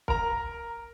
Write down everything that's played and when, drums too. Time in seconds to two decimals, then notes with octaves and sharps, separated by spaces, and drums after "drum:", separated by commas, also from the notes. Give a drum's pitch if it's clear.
0.08 A#4 A#5, drum: kick